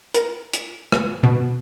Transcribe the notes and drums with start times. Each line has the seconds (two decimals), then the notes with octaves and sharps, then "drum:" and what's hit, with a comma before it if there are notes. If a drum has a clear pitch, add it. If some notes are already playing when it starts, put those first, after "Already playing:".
0.14 A#4, drum: hi-hat
0.53 drum: hi-hat
0.92 drum: rim click
1.23 B2